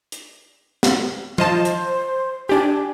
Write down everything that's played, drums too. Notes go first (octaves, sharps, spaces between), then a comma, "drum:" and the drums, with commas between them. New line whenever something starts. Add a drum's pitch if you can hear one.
drum: hi-hat
drum: snare
F4 C5 D#5 A5, drum: tom F3
drum: hi-hat
D4 G4 G#5